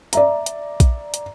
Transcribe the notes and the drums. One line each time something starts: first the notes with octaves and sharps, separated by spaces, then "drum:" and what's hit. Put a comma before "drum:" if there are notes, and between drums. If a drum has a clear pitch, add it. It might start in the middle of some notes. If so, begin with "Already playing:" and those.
D5 E5 A#5, drum: hi-hat
drum: hi-hat
drum: kick A#1, hi-hat
drum: hi-hat